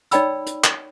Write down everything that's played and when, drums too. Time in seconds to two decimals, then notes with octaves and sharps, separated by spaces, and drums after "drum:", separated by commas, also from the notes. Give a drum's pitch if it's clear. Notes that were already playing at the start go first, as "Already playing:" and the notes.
0.11 D#4 C#5 D5 G5 B5 E6, drum: hi-hat
0.47 drum: hi-hat
0.64 drum: clap